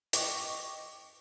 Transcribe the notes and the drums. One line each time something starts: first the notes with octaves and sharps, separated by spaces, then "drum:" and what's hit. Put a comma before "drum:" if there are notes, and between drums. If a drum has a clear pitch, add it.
D#5 G5 C#6 D6, drum: hi-hat